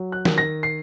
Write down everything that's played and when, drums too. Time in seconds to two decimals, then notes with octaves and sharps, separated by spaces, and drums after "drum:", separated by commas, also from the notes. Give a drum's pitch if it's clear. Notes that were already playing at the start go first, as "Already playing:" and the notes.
Already playing: F#3
0.12 F#6
0.25 D#3, drum: snare
0.38 A#6
0.63 C7